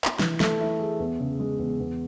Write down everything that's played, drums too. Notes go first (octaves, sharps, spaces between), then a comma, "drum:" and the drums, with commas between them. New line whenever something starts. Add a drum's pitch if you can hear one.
drum: clap
E3, drum: snare
A3, drum: snare
E4
G#4
E2
C#3
G#3
E2
E2